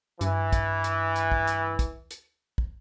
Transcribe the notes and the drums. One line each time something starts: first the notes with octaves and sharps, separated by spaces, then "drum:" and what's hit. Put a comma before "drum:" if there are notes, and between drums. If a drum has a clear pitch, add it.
G2 E3, drum: hi-hat
drum: kick, hi-hat
drum: hi-hat
drum: hi-hat
drum: kick
drum: hi-hat
drum: kick, hi-hat
drum: hi-hat
drum: kick